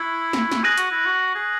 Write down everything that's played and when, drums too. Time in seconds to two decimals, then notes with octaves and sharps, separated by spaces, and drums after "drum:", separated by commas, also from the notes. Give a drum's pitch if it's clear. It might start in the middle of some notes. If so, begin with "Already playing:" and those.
Already playing: E4 C#6 F#6 C#7
0.33 drum: snare
0.52 drum: snare
0.64 G#4 F#6 A#6 D#7 F#7
0.78 F#4, drum: hi-hat
0.91 E4
1.05 F#4
1.35 G#4